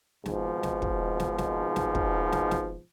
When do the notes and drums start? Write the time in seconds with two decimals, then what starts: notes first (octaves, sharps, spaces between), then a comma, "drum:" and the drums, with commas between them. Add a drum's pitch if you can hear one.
0.26 G#1 G#2 B2 F3, drum: snare
0.63 drum: snare
0.82 drum: kick
1.20 drum: snare
1.38 drum: snare
1.76 drum: snare
1.95 drum: kick
2.32 drum: snare
2.51 drum: snare